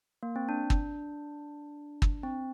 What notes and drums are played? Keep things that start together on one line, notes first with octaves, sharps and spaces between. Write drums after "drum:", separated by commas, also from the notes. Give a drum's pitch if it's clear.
A#3
C4
D4
drum: kick
drum: kick
C4